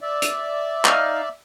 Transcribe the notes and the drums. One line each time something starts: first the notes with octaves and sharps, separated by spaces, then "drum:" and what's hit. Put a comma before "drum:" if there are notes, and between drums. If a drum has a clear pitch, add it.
D5 E5
drum: hi-hat
D#4 F5 F6, drum: clap